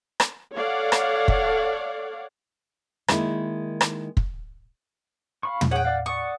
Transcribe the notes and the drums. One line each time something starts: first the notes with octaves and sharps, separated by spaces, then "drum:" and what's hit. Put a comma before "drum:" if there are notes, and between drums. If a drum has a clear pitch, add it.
drum: rim click
A4 C#5 D5 F5 F#5
drum: rim click
drum: kick
D#3 G#3 A#3 D#4 E4, drum: rim click
drum: rim click
drum: kick
F5 B5 C#6
drum: tom
G#4 C#5 F#5 G5
D5 F5
D5 F#5 C#6 D#6